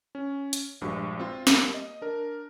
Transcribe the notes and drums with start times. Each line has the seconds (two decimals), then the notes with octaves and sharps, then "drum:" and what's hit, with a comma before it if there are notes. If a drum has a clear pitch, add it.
0.15 C#4
0.53 drum: hi-hat
0.81 A#1 G2 G#3 F#4
1.19 C4 F4
1.47 G3 A#3, drum: snare
1.74 D#5
2.02 D4 A#4